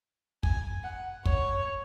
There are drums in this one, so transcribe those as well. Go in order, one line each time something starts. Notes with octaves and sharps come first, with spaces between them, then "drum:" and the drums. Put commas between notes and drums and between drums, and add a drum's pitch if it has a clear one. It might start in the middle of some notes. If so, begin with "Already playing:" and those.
G#5, drum: kick
F#5
C#5, drum: kick